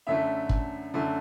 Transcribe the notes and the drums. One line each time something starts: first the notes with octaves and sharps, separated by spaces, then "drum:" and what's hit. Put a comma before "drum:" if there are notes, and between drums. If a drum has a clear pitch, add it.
F#2 D3 A3 E5
drum: kick
F#2 D3 A3